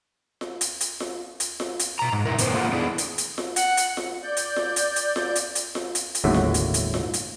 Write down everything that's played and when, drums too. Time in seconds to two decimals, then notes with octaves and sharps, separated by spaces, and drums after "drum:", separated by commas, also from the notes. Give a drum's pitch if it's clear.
0.41 drum: snare F4
0.61 drum: hi-hat
0.81 drum: hi-hat
1.00 drum: snare F4
1.40 drum: hi-hat
1.60 drum: snare F4
1.79 drum: hi-hat
1.99 B2 A#5
2.12 G#2
2.26 B2 E4 A#4
2.38 A#2 D#3 B3 C5, drum: hi-hat
2.54 A#3 F4 A4 F5 F#5
2.73 B3 D4 E4 G#4
2.98 drum: hi-hat
3.18 drum: hi-hat
3.38 drum: snare F4
3.56 F#5, drum: hi-hat
3.77 drum: hi-hat
3.97 drum: snare F4
4.23 D5 G6
4.37 drum: hi-hat
4.56 drum: snare F4
4.76 drum: hi-hat
4.96 drum: hi-hat
5.16 drum: snare F4
5.36 drum: hi-hat
5.55 drum: hi-hat
5.75 drum: snare F4
5.95 drum: hi-hat
6.15 drum: hi-hat
6.24 G1 D#2 A2 C#3 F#4 E5
6.34 drum: snare F4
6.54 drum: hi-hat
6.74 drum: hi-hat
6.94 drum: snare F4
7.14 drum: hi-hat